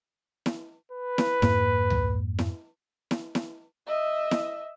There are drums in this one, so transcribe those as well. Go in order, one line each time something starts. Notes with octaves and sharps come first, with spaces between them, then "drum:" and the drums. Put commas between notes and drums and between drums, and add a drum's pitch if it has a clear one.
drum: snare E4
B4
drum: snare E4
F2 G#2 A#3, drum: snare E4
drum: tom C#2
drum: snare E4
drum: snare E4
drum: snare E4
D#5 E5
drum: snare E4